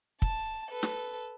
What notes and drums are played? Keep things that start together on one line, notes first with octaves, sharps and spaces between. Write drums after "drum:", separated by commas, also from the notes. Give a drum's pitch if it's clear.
A5, drum: kick
A4 B4
drum: snare